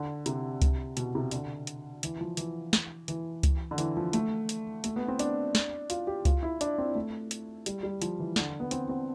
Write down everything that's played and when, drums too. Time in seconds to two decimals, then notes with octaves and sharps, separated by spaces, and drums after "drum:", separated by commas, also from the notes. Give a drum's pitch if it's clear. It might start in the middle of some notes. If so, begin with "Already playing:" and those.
Already playing: D3
0.26 C3, drum: hi-hat
0.62 drum: kick C#2, hi-hat
0.97 B2, drum: hi-hat
1.15 C3
1.31 D3, drum: hi-hat
1.67 drum: hi-hat
2.03 E3, drum: hi-hat
2.21 F3
2.37 E3, drum: hi-hat
2.73 drum: snare
3.08 E3, drum: hi-hat
3.43 drum: kick C#2, hi-hat
3.71 D3
3.78 E3, drum: hi-hat
3.97 F3
4.13 A3, drum: hi-hat
4.49 drum: hi-hat
4.84 A3, drum: hi-hat
4.96 B3
5.08 C4
5.19 D4, drum: hi-hat
5.55 drum: snare
5.90 F4, drum: hi-hat
6.07 G4
6.25 F4, drum: kick C#2, hi-hat
6.43 E4
6.61 D4, drum: hi-hat
6.78 C4
6.95 A3
7.31 drum: hi-hat
7.66 G3, drum: hi-hat
7.83 G3
8.02 F3, drum: hi-hat
8.20 E3
8.36 D3, drum: snare
8.60 B3
8.71 C4, drum: hi-hat
8.89 C4